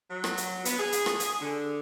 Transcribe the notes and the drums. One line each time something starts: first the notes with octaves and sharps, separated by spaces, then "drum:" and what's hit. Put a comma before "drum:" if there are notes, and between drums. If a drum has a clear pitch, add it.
F#3
drum: rim click
drum: hi-hat
B3, drum: hi-hat
G#4
drum: hi-hat
drum: rim click
drum: hi-hat
D3